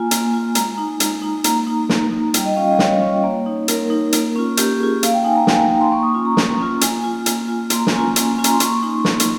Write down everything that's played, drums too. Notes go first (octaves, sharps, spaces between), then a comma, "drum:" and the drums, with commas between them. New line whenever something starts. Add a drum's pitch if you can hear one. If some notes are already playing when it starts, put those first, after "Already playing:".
Already playing: A#3 F4 G#5
A#3, drum: hi-hat
F4
G#3 A#5, drum: hi-hat
D#4
G#3, drum: hi-hat
D#4
A#3 A#5, drum: hi-hat
D#4
A#3, drum: snare
D#4
G3 G5, drum: hi-hat
D#5
C#4 F4 F5
D#5
G3 C#5, drum: snare
C#4 F4
A#3
D#4
A#3 A#4, drum: hi-hat
D#4
A#3, drum: hi-hat
C#4 F4
A#3 G4, drum: hi-hat
C#4 F4 G#4
A#3 F5, drum: hi-hat
G5
D#4 G#5
A#5
A#3 G#5, drum: snare
G5
D#4 A#5
C6
A#3 C#6
D#6
C#4 F4
A#5
A#3, drum: snare
C#4 F4
A#3 G#5, drum: hi-hat
F4
A#3, drum: hi-hat
F4
A#3 C6, drum: hi-hat
A#5
G#5, drum: snare
C#4 F4 A#5
A#3, drum: hi-hat
C#4 F4 G#5
A#5, drum: hi-hat
C6
A#3 C#6, drum: hi-hat
D#4
A#3, drum: snare
drum: hi-hat